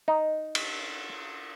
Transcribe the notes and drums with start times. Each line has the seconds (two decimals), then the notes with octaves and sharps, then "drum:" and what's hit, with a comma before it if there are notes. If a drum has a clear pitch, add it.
0.08 D#4
0.55 drum: cymbal